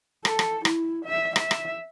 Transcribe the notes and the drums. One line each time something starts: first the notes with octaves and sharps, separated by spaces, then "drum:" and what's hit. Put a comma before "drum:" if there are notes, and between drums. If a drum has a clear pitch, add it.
A4, drum: rim click
drum: rim click
E4, drum: rim click
E5
E5, drum: rim click
drum: rim click